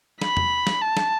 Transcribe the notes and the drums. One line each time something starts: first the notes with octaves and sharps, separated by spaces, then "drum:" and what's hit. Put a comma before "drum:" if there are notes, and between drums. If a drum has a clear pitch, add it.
B5, drum: snare
drum: tom
drum: snare
A5
drum: snare